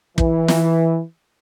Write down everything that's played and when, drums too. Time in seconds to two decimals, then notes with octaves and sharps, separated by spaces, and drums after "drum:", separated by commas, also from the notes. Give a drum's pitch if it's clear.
0.18 E3, drum: kick
0.48 drum: snare